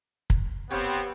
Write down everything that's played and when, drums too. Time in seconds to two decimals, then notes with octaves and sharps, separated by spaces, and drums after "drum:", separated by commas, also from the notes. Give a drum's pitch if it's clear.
0.30 drum: kick
0.71 B3 C4 G4 C#5 F5